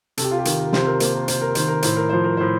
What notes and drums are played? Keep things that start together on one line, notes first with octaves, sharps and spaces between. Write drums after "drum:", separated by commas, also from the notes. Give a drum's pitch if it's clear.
C3 A4, drum: hi-hat
G4
F4
G4
D#3, drum: hi-hat
A#4
C3 C5, drum: snare
A#4
A#3 C5, drum: hi-hat
A#4
C3 C5, drum: hi-hat
A#4
D#3 C5, drum: hi-hat
A#4
A2 C5, drum: hi-hat
A#4
F3 C5
A#4
A2 C5